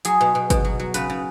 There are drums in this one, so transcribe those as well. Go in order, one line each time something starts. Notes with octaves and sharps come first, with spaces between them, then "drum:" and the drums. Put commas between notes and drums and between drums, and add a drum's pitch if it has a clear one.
F#3 G#4, drum: hi-hat
B2
B2
B2, drum: kick, hi-hat
F#3
F#3
C#3 B4, drum: hi-hat
C#3